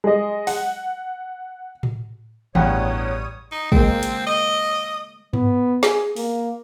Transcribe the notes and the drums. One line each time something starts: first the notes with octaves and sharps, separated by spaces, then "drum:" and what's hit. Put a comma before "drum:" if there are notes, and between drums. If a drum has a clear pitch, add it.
G#3 D#5
F#5, drum: open hi-hat
drum: tom A2
A1 E2 G2 G3 C#5 F#5 G5 D#6, drum: tom D#3
D#4
G#3 A#3 C4, drum: kick
drum: hi-hat
D#5
B3, drum: tom G2
G#4, drum: snare
A#3, drum: open hi-hat